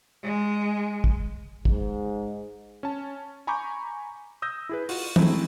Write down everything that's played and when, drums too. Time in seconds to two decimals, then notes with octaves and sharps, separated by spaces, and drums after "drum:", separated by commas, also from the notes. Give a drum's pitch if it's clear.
0.23 G#3
1.04 drum: kick
1.65 G#2, drum: kick
2.83 C#4 A5
3.47 G#5 A#5 B5 C#6 D6 G6
4.42 D#6 E6 G6 A#6
4.69 E4 G#4 B4
4.89 F4 F#4, drum: open hi-hat
5.16 G#3 A3 C4 D#4 E4 A4, drum: tom